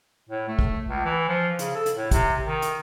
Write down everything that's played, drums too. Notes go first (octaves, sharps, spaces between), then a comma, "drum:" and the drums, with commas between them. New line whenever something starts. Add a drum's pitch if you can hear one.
A2
A3
drum: kick
C#2
E3
F3
C#3, drum: hi-hat
A4
drum: hi-hat
A2
C3, drum: kick, hi-hat
D#3
drum: hi-hat